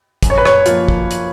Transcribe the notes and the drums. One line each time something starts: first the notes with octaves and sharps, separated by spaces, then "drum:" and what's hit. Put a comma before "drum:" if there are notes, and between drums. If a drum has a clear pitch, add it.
F#2, drum: kick, hi-hat
C#5
B4
C#5, drum: rim click
F3 A#3 F4, drum: hi-hat
drum: kick
drum: hi-hat